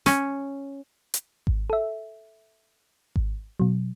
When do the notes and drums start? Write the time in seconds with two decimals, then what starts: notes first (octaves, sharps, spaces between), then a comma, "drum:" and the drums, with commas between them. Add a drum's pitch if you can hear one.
0.06 C#4, drum: snare
1.14 drum: hi-hat
1.47 drum: kick G#1
1.70 A4 E5
3.16 drum: kick G#1
3.60 B2 F#3